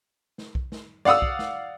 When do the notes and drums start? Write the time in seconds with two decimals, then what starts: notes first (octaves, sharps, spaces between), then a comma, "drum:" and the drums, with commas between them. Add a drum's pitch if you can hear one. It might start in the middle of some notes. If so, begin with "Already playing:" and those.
0.38 drum: snare
0.55 drum: kick B1
0.72 drum: snare
1.05 D5 F5 F#5 D#6 E6, drum: snare
1.22 drum: kick B1
1.39 drum: snare